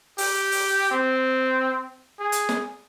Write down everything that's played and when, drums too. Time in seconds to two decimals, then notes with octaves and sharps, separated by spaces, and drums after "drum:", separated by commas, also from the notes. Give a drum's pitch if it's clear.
0.18 G4, drum: open hi-hat
0.52 drum: open hi-hat
0.91 C4
2.20 G#4
2.32 drum: hi-hat
2.49 drum: snare